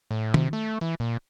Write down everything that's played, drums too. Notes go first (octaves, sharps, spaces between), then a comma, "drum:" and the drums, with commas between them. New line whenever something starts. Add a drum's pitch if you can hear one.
A2
C3, drum: tom D#3
A3
E3
A#2